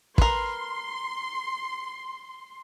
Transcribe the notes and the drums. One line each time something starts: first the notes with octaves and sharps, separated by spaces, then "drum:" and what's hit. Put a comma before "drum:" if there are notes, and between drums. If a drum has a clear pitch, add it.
A#4 B4 C6, drum: kick